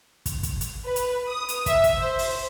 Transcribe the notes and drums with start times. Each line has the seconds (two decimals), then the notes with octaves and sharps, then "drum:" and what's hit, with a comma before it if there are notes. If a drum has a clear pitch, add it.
0.26 drum: kick, hi-hat
0.43 drum: kick, hi-hat
0.61 drum: hi-hat
0.85 B4
0.96 drum: hi-hat
1.29 D#6
1.49 drum: hi-hat
1.66 E5, drum: kick, hi-hat
1.84 drum: kick, hi-hat
1.98 C5
2.19 drum: open hi-hat